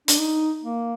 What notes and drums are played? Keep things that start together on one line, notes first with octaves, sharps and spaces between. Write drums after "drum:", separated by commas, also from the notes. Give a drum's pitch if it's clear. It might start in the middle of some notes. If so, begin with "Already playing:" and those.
D4, drum: hi-hat
D#4
A#3